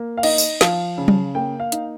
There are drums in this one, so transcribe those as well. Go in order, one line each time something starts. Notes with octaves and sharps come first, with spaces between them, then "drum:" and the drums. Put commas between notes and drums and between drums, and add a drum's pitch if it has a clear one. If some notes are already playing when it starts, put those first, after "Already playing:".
Already playing: A#3
F5
D#4 D#5, drum: cymbal
drum: tambourine
F3 F5, drum: snare
C#3
drum: tom F#3
A#3 G5
F5
D#4, drum: hi-hat